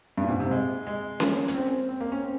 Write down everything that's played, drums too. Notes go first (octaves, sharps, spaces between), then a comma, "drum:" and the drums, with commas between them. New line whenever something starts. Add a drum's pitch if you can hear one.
G2
A#2
G#2
C3
G#3
G#3
A#3, drum: snare C#4
C#4, drum: hi-hat
C4
C4
A#3
C#4
C4